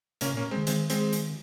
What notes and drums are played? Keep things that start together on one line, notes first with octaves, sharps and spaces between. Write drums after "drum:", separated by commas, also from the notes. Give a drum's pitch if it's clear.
C3 A#3 C#4, drum: hi-hat
A#2
A#3 C#4
G#3 C4
D#3
D#3 G#3 C4, drum: hi-hat
G#3 C4, drum: hi-hat
drum: hi-hat